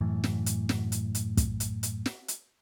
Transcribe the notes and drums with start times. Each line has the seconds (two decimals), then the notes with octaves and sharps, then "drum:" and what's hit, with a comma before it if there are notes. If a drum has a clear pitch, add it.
0.01 F#2 A2 E3
0.24 drum: snare
0.46 drum: hi-hat
0.69 drum: snare
0.92 drum: hi-hat
1.15 drum: hi-hat
1.37 drum: kick, hi-hat
1.60 drum: hi-hat
1.83 drum: hi-hat
2.06 drum: snare
2.28 drum: hi-hat